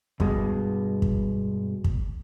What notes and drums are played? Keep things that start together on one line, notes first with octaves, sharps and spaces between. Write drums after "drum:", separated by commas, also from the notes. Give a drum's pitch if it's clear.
G2 B2 G#3, drum: kick
drum: kick
drum: kick